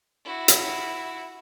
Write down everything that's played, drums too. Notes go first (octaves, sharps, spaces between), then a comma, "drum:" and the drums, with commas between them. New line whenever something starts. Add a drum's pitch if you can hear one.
E4 F#4
drum: hi-hat